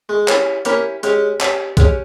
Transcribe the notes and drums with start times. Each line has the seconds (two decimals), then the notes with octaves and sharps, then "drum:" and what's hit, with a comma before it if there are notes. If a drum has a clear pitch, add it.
0.09 G#3
0.28 C#4 E4 G4 C#5, drum: clap
0.65 A#3 C#4 E4 G4 C#5, drum: hi-hat
1.03 G#3 C#4 G4 C#5, drum: hi-hat
1.41 C#4 G4 C#5, drum: clap
1.77 G#3 C#4 G4 C#5, drum: kick B1, hi-hat